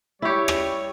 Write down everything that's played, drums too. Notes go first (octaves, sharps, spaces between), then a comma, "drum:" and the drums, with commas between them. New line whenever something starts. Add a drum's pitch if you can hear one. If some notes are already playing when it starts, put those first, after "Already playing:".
G3 E4 G4 C#5
drum: rim click